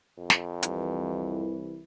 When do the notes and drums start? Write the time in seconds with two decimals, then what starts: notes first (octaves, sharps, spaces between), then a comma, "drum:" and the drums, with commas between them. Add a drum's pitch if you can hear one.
0.18 F2
0.30 drum: snare
0.63 C2 E3, drum: hi-hat